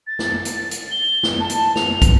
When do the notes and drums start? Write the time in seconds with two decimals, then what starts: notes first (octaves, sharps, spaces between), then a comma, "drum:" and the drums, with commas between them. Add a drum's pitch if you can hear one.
0.07 A6
0.19 drum: snare
0.45 drum: hi-hat
0.71 drum: hi-hat
0.91 G7
1.23 drum: snare
1.40 A5
1.49 drum: hi-hat
1.76 F7, drum: snare
2.02 drum: kick, hi-hat